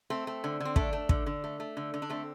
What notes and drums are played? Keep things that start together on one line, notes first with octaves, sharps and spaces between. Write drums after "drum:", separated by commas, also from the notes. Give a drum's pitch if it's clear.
A3 C4
A3
D3
D3 C4
A3 D4, drum: kick
A3
D3, drum: kick
D3
A3
A3
D3
D3
D4
A3 C4